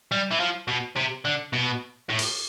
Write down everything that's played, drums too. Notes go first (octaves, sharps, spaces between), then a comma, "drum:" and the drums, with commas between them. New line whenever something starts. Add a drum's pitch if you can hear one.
G3
E3
F3
B2
C3
D3
B2
A2
drum: open hi-hat